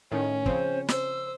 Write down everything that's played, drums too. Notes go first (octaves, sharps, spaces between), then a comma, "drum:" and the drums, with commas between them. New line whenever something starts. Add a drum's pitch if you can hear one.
A2 D#3 C#4
C#3 F3 C4 C5, drum: kick
C5 E6, drum: snare